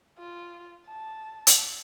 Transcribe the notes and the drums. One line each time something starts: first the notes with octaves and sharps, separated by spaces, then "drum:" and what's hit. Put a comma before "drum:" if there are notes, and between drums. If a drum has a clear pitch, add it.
F4
A5
drum: hi-hat